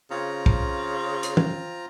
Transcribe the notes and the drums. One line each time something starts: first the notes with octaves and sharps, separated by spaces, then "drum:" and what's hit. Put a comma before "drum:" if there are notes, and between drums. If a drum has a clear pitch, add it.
C#3 C4 F4 A#5
drum: kick
drum: hi-hat
drum: tom